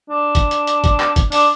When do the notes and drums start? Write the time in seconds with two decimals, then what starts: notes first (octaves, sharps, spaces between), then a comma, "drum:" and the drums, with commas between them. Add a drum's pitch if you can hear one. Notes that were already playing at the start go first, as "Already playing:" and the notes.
0.10 D4
0.35 drum: kick, hi-hat
0.51 drum: hi-hat
0.67 drum: hi-hat
0.84 drum: kick, hi-hat
1.00 drum: clap
1.16 drum: kick, hi-hat
1.32 D4, drum: open hi-hat